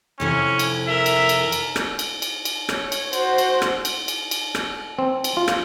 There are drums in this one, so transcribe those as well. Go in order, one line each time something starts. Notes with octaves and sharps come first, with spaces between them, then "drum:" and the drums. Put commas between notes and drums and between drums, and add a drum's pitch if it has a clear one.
F2 C3 C#4 E4
drum: cymbal
A#4 E5
drum: cymbal
drum: cymbal
drum: cymbal
drum: rim click
drum: cymbal
drum: cymbal
drum: cymbal
C#5, drum: rim click
drum: cymbal
F#4 C5, drum: cymbal
drum: cymbal
drum: rim click
drum: cymbal
drum: cymbal
drum: cymbal
drum: rim click
C4
drum: cymbal
F4
drum: rim click